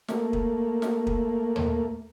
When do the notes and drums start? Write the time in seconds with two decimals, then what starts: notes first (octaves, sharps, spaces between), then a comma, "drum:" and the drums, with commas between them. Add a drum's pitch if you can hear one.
0.08 A3 A#3, drum: snare
0.33 drum: kick
0.82 drum: snare
1.07 drum: kick
1.56 drum: tom D#2